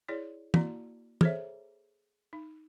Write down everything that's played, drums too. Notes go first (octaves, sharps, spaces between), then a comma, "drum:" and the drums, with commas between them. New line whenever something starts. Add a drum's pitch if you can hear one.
E4 G#4 C#5 D5
A#3 E4 F#4 D5 A#5, drum: tom
G#4 A4 C5 C#5 E5, drum: tom
D#4